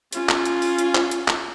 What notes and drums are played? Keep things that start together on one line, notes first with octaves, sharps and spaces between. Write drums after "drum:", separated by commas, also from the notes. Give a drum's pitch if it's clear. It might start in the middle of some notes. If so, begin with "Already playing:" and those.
C#4 F4, drum: hi-hat
drum: clap
drum: hi-hat
drum: open hi-hat
drum: hi-hat
drum: clap
drum: hi-hat
drum: clap